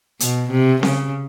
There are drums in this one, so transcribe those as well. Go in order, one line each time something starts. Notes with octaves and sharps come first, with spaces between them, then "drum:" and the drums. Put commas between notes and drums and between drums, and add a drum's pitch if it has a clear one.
B2, drum: hi-hat
C3
C#3, drum: snare C4